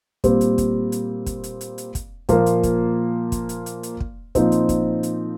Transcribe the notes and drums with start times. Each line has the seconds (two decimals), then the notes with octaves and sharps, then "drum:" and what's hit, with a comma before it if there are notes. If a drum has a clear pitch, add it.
0.24 A#2 G3 C4, drum: kick, hi-hat
0.41 drum: hi-hat
0.58 drum: kick, hi-hat
0.92 drum: hi-hat
1.26 drum: kick, hi-hat
1.44 drum: hi-hat
1.61 drum: hi-hat
1.78 drum: hi-hat
1.95 drum: kick, hi-hat
2.29 A#2 F3 A#3, drum: kick, hi-hat
2.46 drum: hi-hat
2.63 drum: kick, hi-hat
3.32 drum: kick, hi-hat
3.49 drum: hi-hat
3.66 drum: hi-hat
3.83 drum: hi-hat
4.00 drum: kick
4.35 A#2 F3 C4 D#4, drum: kick, hi-hat
4.52 drum: hi-hat
4.69 drum: kick, hi-hat
5.03 drum: hi-hat